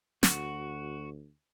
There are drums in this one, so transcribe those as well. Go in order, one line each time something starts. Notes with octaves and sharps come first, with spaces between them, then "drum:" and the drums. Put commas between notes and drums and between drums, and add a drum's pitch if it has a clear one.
D2 F#4, drum: snare